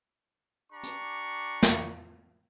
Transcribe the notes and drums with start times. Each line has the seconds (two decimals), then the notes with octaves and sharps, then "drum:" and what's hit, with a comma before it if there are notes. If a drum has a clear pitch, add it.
0.73 D4 G4 A#5 C#6
0.83 drum: hi-hat
1.63 drum: snare